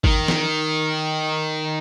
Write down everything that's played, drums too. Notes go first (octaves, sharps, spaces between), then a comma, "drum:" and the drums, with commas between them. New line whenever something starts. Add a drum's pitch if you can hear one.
D#3 D#4, drum: kick G#1
drum: snare